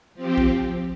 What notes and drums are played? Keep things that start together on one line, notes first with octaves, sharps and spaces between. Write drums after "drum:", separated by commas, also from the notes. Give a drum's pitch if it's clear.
F3 C4 G4
drum: kick B1